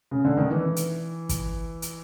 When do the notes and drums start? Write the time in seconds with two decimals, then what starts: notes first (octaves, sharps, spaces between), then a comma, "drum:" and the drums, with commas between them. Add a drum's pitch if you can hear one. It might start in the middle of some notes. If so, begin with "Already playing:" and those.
0.11 C#3
0.25 D3
0.37 D#3
0.50 E3
0.76 drum: hi-hat
1.29 drum: kick, hi-hat
1.82 drum: hi-hat